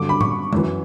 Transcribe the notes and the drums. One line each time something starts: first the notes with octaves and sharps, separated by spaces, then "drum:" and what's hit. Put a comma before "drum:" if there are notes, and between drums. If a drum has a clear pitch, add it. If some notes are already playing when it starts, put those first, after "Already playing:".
Already playing: G2 D3 F#3 D6
B5
C#6, drum: tom A2
F#2 E3, drum: tom G#3